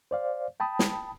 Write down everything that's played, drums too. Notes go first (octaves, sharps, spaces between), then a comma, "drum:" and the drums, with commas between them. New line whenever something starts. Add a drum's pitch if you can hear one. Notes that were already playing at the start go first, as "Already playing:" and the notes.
C5 D5 F5
G5 A5 B5 D#6
drum: snare